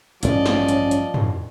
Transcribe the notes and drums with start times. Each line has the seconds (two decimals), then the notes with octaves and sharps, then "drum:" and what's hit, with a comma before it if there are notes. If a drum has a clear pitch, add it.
0.23 A1 G2 F3 A3 C#4 D5 D#5, drum: hi-hat
0.46 drum: snare
0.68 drum: hi-hat
0.91 drum: hi-hat
1.14 drum: tom